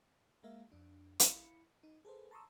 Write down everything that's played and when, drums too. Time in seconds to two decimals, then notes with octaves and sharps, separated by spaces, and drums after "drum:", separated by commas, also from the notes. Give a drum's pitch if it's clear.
0.43 G#3 A#3 A#4 E5 F5
0.72 F2 D4
1.20 E4 F5 B5 C#7, drum: hi-hat
1.83 D#4
2.05 G#4 A4 B4 C5
2.31 A5 A#5 C6 C#6 D#6 E6